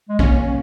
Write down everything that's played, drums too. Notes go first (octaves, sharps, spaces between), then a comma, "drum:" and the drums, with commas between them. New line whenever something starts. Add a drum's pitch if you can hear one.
G#3
A#3 C#4, drum: kick